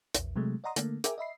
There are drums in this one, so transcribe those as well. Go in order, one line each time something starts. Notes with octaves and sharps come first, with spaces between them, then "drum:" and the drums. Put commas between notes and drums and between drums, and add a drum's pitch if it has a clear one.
A#1 E2, drum: hi-hat
C3 F#3 G#3 A3
D5 D#5 F#5 A#5 C6 D#6
D3 A3 A#3, drum: hi-hat
G#4 A#4 E5 G5 G#5 D6, drum: hi-hat
D#5 E5 B5 C7